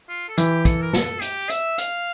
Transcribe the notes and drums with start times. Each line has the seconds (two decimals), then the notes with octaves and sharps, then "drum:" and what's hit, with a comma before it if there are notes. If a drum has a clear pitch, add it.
0.09 F4
0.28 A4
0.38 E3 G4, drum: hi-hat
0.65 A4, drum: kick, hi-hat
0.82 A#4
0.93 A4, drum: snare
1.21 G4, drum: hi-hat
1.49 E5, drum: hi-hat
1.78 F5, drum: hi-hat